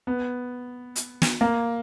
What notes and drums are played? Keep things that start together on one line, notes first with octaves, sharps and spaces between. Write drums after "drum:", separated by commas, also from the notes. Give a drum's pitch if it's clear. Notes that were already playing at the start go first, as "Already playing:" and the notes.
B3
drum: hi-hat
drum: snare
A#3